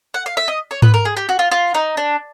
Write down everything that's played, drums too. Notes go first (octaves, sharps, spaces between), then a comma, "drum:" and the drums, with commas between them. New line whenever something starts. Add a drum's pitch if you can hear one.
F#5
F5
E5
D#5
C#5
B4, drum: tom G#2
A#4
G#4
G4
F#4
F4
F4
D#4
D4